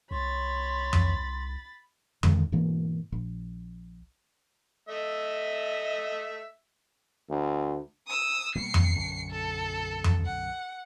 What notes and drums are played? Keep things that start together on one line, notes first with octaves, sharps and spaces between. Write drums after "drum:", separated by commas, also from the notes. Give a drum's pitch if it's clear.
C2 C#5 B5 C6 A6
drum: tom F2
B2 D3 D#3 G#3, drum: tom F2
G#2 B2 E3 A#3
A#1
A3 D#5 E5
D2
D#6 E6
B2 G3 A#3 C7 C#7
drum: tom F2
B1 F#2 D3
A4
drum: tom F2
F#5